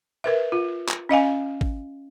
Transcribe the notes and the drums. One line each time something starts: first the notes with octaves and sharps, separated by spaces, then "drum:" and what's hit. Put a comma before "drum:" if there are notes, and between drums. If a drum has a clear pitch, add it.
A#4 B4 E5
F4
drum: clap
C#4 D#5 F5 G#5
drum: kick